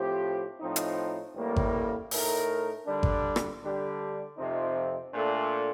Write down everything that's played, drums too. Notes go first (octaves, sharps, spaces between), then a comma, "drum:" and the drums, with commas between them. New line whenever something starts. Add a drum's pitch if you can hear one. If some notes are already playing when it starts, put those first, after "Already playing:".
Already playing: A2 F3 C4 G4
A2 F3 C4 D#4
drum: hi-hat
A1 A2 G3 A#3
drum: kick G#1
A2 A3 D#4 A#4, drum: open hi-hat
D3 G3 D4
drum: kick G#1
drum: rim click
D3 G3 D4 G4
F2 C3 F3 C4 D#4
A#2 A3 D4 A4